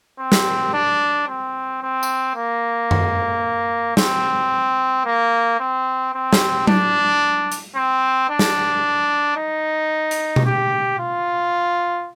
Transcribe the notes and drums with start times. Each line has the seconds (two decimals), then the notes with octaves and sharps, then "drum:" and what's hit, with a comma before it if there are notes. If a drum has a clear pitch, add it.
0.19 C4
0.32 drum: snare
0.73 D4
1.28 C4
1.82 C4
2.03 drum: tambourine
2.35 A#3
2.91 drum: tom F#2
3.97 C4, drum: snare
5.05 A#3
5.60 C4
6.14 C4
6.33 drum: snare
6.67 D4, drum: tom F#3
7.52 drum: hi-hat
7.76 C4
8.29 D4
8.39 drum: snare
9.36 D#4
10.11 drum: hi-hat
10.36 drum: tom B2
10.45 G4
10.99 F4